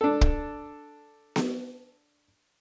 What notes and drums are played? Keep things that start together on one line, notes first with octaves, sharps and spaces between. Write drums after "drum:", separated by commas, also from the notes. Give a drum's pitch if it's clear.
D4 A4
drum: kick
drum: snare B3